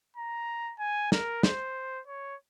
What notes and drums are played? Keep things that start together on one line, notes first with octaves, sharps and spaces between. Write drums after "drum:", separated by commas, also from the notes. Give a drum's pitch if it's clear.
A#5
G#5
A#4, drum: snare
C5, drum: snare
C#5